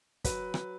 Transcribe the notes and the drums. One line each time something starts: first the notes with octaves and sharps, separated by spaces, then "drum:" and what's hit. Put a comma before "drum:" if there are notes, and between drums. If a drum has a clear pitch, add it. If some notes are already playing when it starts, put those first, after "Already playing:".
F#3 B4, drum: kick, hi-hat
drum: rim click